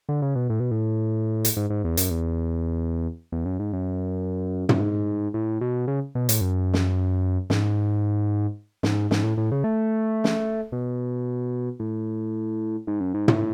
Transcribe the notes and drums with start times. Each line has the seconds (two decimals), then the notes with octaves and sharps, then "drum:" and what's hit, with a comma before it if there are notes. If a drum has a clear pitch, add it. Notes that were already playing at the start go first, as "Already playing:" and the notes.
0.09 D3
0.22 C#3
0.35 B2
0.50 A2
0.60 B2
0.71 A2
1.45 drum: hi-hat
1.57 G#2
1.70 G#2
1.84 E2
1.97 F#2, drum: hi-hat
2.11 E2
3.32 E2
3.45 F#2
3.60 G#2
3.73 F#2
4.69 F#2, drum: tom
4.80 G#2
5.34 A2
5.61 B2
5.88 C#3
6.15 B2
6.29 A2, drum: hi-hat
6.41 F#2
6.74 drum: snare
7.50 G#2, drum: snare
8.83 G#2, drum: snare
9.11 G#2, drum: snare
9.24 A2
9.37 A2
9.52 C#3
9.64 A3
10.24 drum: snare
10.72 B2
11.80 A2
12.87 G#2
13.00 F#2
13.14 G#2
13.28 A2, drum: tom